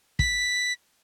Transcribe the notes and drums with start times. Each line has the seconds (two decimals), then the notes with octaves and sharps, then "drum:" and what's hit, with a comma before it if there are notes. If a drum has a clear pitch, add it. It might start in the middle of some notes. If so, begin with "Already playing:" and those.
0.19 B6, drum: kick